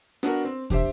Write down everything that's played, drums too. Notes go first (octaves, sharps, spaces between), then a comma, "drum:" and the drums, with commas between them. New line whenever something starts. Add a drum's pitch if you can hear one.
B3 D4 F#4 A#4, drum: rim click
C4
D4 G4 C5 E5, drum: kick